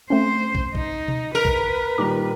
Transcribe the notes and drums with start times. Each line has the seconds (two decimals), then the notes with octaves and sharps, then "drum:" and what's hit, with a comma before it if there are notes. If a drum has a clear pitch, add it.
0.10 A3 C4 C#4 C5
0.55 drum: kick
0.75 D#4, drum: kick
1.08 drum: tom B2
1.35 A#4 B4
1.45 drum: kick
1.98 A#2 D#3 G3 A#5 D6